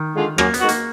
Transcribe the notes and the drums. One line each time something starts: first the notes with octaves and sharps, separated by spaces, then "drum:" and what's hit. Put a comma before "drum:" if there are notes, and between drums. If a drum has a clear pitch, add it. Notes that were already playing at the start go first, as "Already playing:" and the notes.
Already playing: D#3
D3 G#3 D4 F4
F#2 A#3, drum: rim click
B3, drum: hi-hat
D#3 G#3 D#4 F#4
A#3, drum: hi-hat